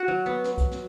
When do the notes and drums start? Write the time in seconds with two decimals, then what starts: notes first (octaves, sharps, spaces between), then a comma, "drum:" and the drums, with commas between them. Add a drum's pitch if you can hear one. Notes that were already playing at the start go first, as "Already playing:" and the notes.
Already playing: F#4
0.08 F#3
0.26 B3
0.44 drum: snare
0.58 drum: kick, hi-hat
0.71 drum: snare